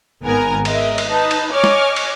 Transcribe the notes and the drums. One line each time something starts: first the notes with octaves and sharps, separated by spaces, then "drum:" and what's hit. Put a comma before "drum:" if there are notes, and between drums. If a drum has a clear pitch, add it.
G#1 B3 A#4 G#5 A#5
G#3 A#4 D#5 E5, drum: cymbal
drum: cymbal
D#4 B4 A5
drum: cymbal
C#5 D#5 G#5 D6 F6
drum: snare
drum: cymbal